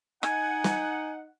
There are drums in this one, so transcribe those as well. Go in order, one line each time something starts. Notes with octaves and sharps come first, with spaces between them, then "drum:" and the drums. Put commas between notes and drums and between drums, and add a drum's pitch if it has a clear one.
D#4 F#5 G#5, drum: rim click
drum: snare